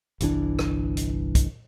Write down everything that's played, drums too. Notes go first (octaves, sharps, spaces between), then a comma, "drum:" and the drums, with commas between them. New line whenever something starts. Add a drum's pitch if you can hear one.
G1 C2 E3 D4, drum: hi-hat
drum: rim click
drum: hi-hat
drum: kick, hi-hat